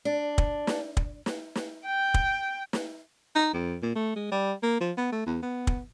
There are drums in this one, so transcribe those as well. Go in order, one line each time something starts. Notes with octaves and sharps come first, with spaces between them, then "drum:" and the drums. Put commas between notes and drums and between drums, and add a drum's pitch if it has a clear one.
D4
drum: kick
drum: snare
drum: kick
drum: snare
drum: snare
G5
drum: kick
drum: snare
D#4
F2
A#2
A3
G#3
G3
A#3
F3
B3
A3
E2
B3
drum: kick